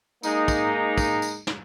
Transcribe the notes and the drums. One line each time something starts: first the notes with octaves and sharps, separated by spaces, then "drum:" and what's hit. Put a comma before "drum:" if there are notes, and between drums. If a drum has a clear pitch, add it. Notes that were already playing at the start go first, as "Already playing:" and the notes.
G#3 A#3 D#4, drum: tambourine
drum: kick, tambourine
drum: kick, tambourine
drum: tambourine
drum: snare